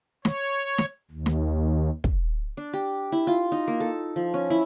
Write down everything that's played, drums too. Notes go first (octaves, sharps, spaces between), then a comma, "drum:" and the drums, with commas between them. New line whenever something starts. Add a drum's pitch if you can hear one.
C#5, drum: snare
drum: snare
D#2
drum: snare
drum: kick
D4
G4
E4
F4
D#4
A#3
A4
F3
C#4
E4